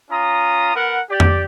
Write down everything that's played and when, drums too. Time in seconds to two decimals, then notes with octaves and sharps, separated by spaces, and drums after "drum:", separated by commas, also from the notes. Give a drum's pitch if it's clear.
0.10 C#4 F4 A#5 D#6
0.75 B3 A#4 F#5
1.09 G4 D5
1.20 drum: tom F2